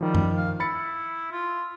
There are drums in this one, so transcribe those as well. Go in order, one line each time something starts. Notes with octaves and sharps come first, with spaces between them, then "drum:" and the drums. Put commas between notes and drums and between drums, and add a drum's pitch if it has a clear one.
D#3 F3 G3
drum: tom F#2
F5
E4 B5 A6 C#7
F4